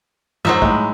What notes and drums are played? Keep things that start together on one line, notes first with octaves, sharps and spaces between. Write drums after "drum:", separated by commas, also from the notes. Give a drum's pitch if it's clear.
F3 F#3 G#3 D#4 C5 E5, drum: tom F2
A2 G#3, drum: kick